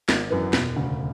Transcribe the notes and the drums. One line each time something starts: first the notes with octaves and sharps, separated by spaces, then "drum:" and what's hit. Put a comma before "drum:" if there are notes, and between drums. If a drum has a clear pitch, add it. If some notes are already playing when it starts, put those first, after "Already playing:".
G#1, drum: snare
F#2 E3 B3
E1, drum: snare
D2 C#3